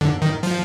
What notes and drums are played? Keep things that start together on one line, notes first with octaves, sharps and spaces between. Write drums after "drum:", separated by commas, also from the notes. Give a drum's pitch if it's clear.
D3, drum: tom G#2
D#3
F3, drum: hi-hat